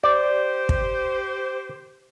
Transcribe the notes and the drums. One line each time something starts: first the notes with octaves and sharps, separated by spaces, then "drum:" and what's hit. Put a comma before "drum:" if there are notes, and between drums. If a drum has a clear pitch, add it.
G4 C5 D5
drum: kick